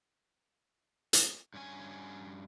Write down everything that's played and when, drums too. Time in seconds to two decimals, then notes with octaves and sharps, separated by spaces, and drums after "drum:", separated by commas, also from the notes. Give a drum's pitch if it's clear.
1.13 drum: hi-hat
1.54 G2 C#4 G#5